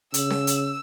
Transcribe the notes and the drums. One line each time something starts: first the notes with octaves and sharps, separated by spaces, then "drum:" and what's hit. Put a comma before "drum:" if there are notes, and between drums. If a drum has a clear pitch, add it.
C#3 E6, drum: hi-hat
drum: snare C#4
drum: hi-hat